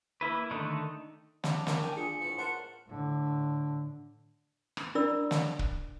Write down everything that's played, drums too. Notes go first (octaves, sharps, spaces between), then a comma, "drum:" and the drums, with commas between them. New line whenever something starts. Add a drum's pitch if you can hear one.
A#3 E4 B4
D3 D#3 A3 D4 D#4
D4, drum: snare
C#4 E4 A#4, drum: snare
G5 G#5
D4 F4 G#4 C#7
A2 F3 B3
C#2 A#4 C5 F#5 A5 C6
A2 D3
drum: rim click
D4 E4 A#4 D5 B5 E6
drum: snare
drum: kick